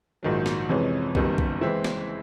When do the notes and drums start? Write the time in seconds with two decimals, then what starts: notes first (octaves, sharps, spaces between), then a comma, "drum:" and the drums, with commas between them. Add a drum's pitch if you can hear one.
0.23 A#1 G#2 D#3 F#3
0.46 drum: snare
0.69 F2 C3 E3 G#3 C#4
1.15 F#1 F#2 D#3 G3 B3, drum: kick B1
1.38 drum: kick B1
1.61 E3 G#3 C4 E4
1.84 drum: snare